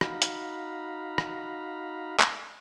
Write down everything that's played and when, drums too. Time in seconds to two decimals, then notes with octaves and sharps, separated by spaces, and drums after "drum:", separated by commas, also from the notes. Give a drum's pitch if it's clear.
0.01 D#4 F#4 F5 A#5 B5, drum: rim click
0.22 drum: hi-hat
1.18 drum: rim click
2.20 drum: clap